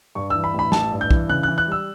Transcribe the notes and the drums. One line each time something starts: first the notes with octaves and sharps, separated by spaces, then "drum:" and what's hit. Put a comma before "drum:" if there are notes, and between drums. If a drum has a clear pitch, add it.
G2 C#6
E3 E6
B5
A1
B5
A1 A5, drum: snare
G2
G6
E3, drum: kick
C#3 F#6
E3 F#6
F#6
G3 E6